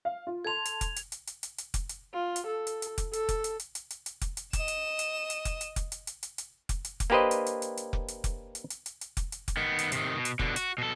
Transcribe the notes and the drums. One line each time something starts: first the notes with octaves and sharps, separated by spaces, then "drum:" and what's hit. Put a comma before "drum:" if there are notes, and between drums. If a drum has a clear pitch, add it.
F5
F4
A4 A5 C6 G#6 F7
drum: hi-hat
drum: kick F1, hi-hat
drum: hi-hat
drum: hi-hat
drum: hi-hat
drum: hi-hat
drum: hi-hat
drum: kick F1, hi-hat
drum: hi-hat
F4
drum: hi-hat
A4
drum: hi-hat
drum: hi-hat
drum: kick F1, hi-hat
A4, drum: hi-hat
drum: kick F1, hi-hat
drum: hi-hat
drum: hi-hat
drum: hi-hat
drum: hi-hat
drum: hi-hat
drum: kick F1, hi-hat
drum: hi-hat
D#5 E7, drum: kick F1, hi-hat
drum: hi-hat
drum: hi-hat
drum: hi-hat
drum: kick F1, hi-hat
drum: hi-hat
drum: kick F1, hi-hat
drum: hi-hat
drum: hi-hat
drum: hi-hat
drum: hi-hat
drum: kick F1, hi-hat
drum: hi-hat
drum: kick F1, hi-hat
A#3 D4 G4 B4 C5 D#5
drum: hi-hat
drum: hi-hat
drum: hi-hat
drum: hi-hat
drum: kick F1
drum: hi-hat
drum: kick F1, hi-hat
drum: hi-hat
drum: hi-hat
drum: hi-hat
drum: hi-hat
drum: kick F1, hi-hat
drum: hi-hat
drum: kick F1, hi-hat
D#3 B3
drum: hi-hat
C3 D#3, drum: hi-hat
B2
drum: hi-hat
B2 D3, drum: kick F1
F#4, drum: hi-hat
B2 A4